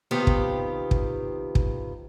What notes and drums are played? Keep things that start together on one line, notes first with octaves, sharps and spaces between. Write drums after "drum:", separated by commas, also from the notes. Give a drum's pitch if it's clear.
C3 D#3 B3 F4 G4
drum: kick
drum: kick
drum: kick